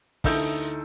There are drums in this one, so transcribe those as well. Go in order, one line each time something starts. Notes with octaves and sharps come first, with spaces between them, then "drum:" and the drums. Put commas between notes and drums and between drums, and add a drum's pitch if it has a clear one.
D2 D#4 E4 A4 E6 G6, drum: kick, open hi-hat